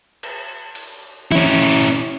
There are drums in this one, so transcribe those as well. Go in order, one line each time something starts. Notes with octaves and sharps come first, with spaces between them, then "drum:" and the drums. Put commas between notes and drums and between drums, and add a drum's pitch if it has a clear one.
drum: cymbal
drum: cymbal
C#4 E4, drum: tom E3
drum: open hi-hat